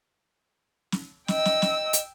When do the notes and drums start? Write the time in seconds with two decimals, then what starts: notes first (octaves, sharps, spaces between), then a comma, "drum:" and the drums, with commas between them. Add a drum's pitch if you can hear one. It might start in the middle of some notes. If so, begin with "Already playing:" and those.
0.92 drum: snare
1.28 D#5 G5 E6, drum: snare
1.45 drum: snare
1.62 drum: snare
1.93 drum: hi-hat